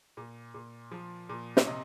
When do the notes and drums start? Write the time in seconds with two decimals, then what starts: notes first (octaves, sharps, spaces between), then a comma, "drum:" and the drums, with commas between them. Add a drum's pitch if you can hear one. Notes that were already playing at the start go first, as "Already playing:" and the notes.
0.17 A#2
0.54 A#2
0.91 F3
1.29 A#2
1.57 C#5, drum: snare
1.67 C3 D#5